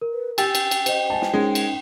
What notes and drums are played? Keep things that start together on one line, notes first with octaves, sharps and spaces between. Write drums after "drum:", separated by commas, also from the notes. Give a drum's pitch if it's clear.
A#4
B4
G4 G5 G#5 E6 A6, drum: cymbal
drum: cymbal
drum: cymbal
C5 D#5, drum: cymbal
G#5 A5
drum: snare
G#3 C#4 D#4 A#4
drum: cymbal